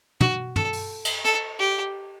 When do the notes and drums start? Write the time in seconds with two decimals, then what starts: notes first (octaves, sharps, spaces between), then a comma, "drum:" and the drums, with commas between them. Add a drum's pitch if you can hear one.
0.21 F#4, drum: tom
0.56 A4, drum: tom
0.73 drum: open hi-hat
1.05 drum: cymbal
1.25 A4, drum: hi-hat
1.59 G4